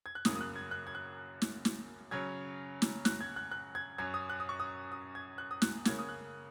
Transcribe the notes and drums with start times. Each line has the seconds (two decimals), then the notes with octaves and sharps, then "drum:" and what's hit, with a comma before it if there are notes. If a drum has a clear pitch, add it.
0.06 G#6
0.15 F#6
0.25 F#2 C#3 F#3 A#3 D#6, drum: snare
0.35 D#6
0.41 F#6
0.56 G#6
0.71 F#6
0.87 G#6
0.95 F#6
1.42 drum: snare
1.65 drum: snare
2.11 C#3 F#3 C#4 G#6
2.82 drum: snare
3.05 F#6, drum: snare
3.21 G#6
3.36 F#6
3.51 F#6
3.75 G#6
3.98 F#2 F#3 C#4 G#6
4.14 D#6
4.29 F#6
4.40 D#6
4.49 C#6
4.60 D#6
4.92 D#6
5.15 G#6
5.38 F#6
5.51 D#6
5.62 F#6, drum: snare
5.85 C#3 A#3 C#4 G#6, drum: snare
5.99 D#6
6.09 F#6